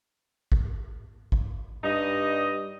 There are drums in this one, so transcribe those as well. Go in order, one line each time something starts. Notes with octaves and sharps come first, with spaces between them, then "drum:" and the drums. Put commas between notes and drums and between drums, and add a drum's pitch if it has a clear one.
drum: kick G#1
drum: kick G#1
G2 G3 D#4 D#5